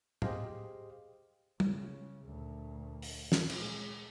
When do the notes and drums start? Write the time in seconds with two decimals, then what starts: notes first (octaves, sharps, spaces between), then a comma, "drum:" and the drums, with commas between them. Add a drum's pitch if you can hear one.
0.22 G4 G#4 C5 D#5 F5, drum: tom
1.60 C#3, drum: tom
2.25 D2 A#2
3.02 drum: open hi-hat
3.32 drum: snare
3.50 A#2 G#3, drum: cymbal